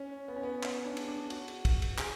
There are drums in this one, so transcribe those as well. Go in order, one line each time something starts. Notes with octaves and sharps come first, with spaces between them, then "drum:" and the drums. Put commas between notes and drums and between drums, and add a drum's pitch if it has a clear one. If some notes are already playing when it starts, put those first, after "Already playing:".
Already playing: C#4
B3
C#4
B3
C#4, drum: clap
D4
drum: cymbal
D4
F#4, drum: cymbal
drum: cymbal
drum: kick, cymbal
drum: cymbal
G#4, drum: clap